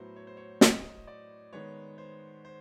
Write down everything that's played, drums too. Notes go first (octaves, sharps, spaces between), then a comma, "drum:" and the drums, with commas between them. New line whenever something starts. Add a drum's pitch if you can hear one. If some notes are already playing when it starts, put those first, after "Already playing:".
Already playing: A2 F#3 B3 C5
C#5
C5
C#5
D#5, drum: snare
D5
D#3 G#3 B3 C#5
C5
C5